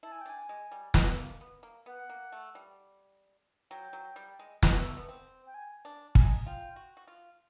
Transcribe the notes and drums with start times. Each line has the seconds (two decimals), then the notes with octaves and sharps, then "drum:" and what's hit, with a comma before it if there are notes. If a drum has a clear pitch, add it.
0.03 E4 A5
0.12 G#5
0.21 G5
0.26 D4 G#5
0.49 G#3
0.71 G3
0.94 A3, drum: snare
1.18 A#3
1.41 B3
1.63 A#3
1.86 B3 F#5
2.10 A#3
2.32 A3
2.55 G3
3.70 F#3 G5
3.93 F#3
4.16 G3
4.39 G#3
4.63 A3, drum: snare
4.85 A#3
4.97 B3
5.09 C4
5.46 G5
5.54 G#5
5.85 D4
6.15 D#4 G#5, drum: kick
6.46 F4 G5
6.76 F#4
6.97 F#4
7.08 F4